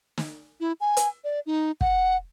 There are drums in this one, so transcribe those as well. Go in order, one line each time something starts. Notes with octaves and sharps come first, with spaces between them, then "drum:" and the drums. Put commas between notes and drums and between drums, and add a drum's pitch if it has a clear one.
drum: snare
E4
G#5
drum: hi-hat
D5
D#4
F#5, drum: kick